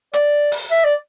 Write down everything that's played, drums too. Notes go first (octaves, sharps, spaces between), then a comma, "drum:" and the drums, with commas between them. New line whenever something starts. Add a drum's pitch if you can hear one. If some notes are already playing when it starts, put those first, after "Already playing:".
D5, drum: hi-hat
drum: open hi-hat
E5
D5